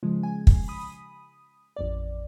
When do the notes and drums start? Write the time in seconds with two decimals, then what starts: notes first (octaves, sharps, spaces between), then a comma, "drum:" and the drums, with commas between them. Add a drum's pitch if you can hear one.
0.03 C#3 F3 G#3
0.23 G#5
0.47 drum: kick
0.68 B5 D#6
1.77 A1 F2 D5